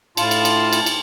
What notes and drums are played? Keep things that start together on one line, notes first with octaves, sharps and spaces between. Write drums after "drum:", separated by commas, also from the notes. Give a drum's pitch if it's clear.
A2 F4 A5, drum: cymbal
drum: cymbal
drum: cymbal
drum: cymbal
drum: cymbal